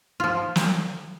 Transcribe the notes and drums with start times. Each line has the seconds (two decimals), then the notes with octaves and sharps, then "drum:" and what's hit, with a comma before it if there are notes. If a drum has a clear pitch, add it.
0.20 F3 F4
0.56 drum: snare